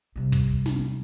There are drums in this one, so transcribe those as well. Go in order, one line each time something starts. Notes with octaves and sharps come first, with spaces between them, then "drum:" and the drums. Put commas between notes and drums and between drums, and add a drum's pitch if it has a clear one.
C3 G3
drum: kick
drum: snare